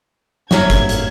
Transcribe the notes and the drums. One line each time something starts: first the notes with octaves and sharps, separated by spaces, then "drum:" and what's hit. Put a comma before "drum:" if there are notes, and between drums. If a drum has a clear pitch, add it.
G1 F#3 A#3 F#4 E5 G#6, drum: snare
drum: kick G1, hi-hat
drum: hi-hat